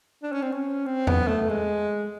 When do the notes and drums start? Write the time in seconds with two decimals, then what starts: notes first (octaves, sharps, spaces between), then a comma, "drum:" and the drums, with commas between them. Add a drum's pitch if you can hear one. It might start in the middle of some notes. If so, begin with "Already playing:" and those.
0.23 D4
0.32 C#4
0.42 C4
0.52 C#4
0.86 C4
1.07 B3, drum: tom E2
1.28 A3
1.49 G#3